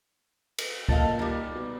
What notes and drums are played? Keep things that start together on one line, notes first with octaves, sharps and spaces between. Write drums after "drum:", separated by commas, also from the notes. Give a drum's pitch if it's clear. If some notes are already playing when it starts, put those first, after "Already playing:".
drum: cymbal
A#2 A4 D#5 F5, drum: kick C#2
D#3 G3
B2